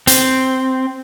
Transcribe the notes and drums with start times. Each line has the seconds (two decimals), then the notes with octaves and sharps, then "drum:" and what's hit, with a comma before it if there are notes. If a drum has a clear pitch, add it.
0.07 C4, drum: hi-hat